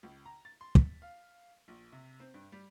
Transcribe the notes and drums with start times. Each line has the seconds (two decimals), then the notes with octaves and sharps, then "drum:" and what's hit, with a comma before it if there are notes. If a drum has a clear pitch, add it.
0.03 C#2
0.25 A#5
0.45 A6
0.61 C6
0.75 B6, drum: kick
1.02 F5
1.68 A#1
1.92 C3
2.20 C4
2.34 G2
2.52 G3